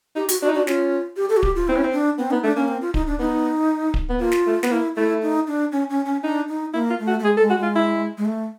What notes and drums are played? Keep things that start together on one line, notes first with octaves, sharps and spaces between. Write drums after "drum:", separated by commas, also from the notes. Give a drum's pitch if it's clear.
D#4 G4
F#4, drum: hi-hat
D4 F#4
D#4
D4 F#4
C#4 F4, drum: snare
G4
A4
F#4
G4, drum: kick D1
F4
C4 E4
C#4
C4
D4
B3 C4
B3 D#4
A3 D4
A#3 C#4
C4
F4
D#4, drum: kick D1
D4
B3 D#4
drum: kick D1
B3
A#3 F4
drum: snare
A3
B3, drum: snare
A#3 E4
A3 E4
D#4
D4
C#4
C#4
C#4
D4 D#4
D#4
A#3 E4
F4
A3
F#4
A3
G#3 G#4
A4
G#3
F#4
G#3 F4
E4
G#3
A3